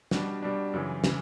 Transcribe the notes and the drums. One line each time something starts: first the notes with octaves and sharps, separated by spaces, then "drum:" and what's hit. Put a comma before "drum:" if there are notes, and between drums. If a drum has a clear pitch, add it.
B2 G3 D4, drum: snare
B2 G3 D4
F#2 C#3 E3
C#3 E3, drum: snare